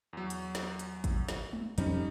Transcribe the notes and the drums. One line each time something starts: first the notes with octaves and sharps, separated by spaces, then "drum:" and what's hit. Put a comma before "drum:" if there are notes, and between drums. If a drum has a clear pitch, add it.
E2 F#3
drum: hi-hat
drum: snare
drum: hi-hat
drum: kick, hi-hat
drum: snare
drum: tom G#3
F2 G3 C#4 D#4, drum: hi-hat